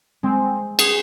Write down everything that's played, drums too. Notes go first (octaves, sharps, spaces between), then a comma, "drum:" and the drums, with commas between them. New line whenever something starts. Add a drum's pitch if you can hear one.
G#3 C4
G#4, drum: cymbal